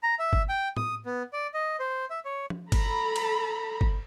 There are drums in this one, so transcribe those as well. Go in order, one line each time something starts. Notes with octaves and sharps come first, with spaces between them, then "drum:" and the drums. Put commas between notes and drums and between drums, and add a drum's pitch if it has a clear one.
A#5
E5
drum: kick G1
G5
D#6, drum: tom A2
B3
D5
D#5
C5
E5
C#5
drum: tom F3
A4 A#5 B5, drum: kick G1, cymbal
drum: cymbal
drum: kick G1